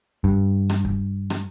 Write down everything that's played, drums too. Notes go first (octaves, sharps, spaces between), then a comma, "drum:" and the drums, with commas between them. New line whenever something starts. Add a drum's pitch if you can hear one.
G2, drum: kick
drum: rim click
drum: kick
drum: rim click